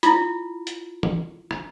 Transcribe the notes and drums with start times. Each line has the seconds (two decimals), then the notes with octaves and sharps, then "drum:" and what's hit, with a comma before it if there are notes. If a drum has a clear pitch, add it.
0.03 E4 F4, drum: hi-hat
0.67 drum: hi-hat
1.03 drum: tom
1.51 drum: rim click